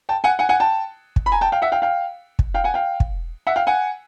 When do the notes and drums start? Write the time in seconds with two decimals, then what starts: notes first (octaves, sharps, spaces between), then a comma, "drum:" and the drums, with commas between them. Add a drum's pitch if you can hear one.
0.09 G5 A5
0.24 F#5 G#5
0.39 F#5 G#5
0.49 F#5 G#5
0.60 G5 A5
1.16 drum: kick
1.26 B5
1.32 G#5 A#5
1.41 G5 A5
1.52 F5 G5
1.62 E5 F#5
1.72 F5 G5
1.82 F5 G5
2.39 drum: kick
2.54 F5 G5
2.64 F#5 G#5
2.74 F5 G5
3.00 drum: kick
3.47 E5 F#5
3.56 F5 G5
3.67 F#5 G#5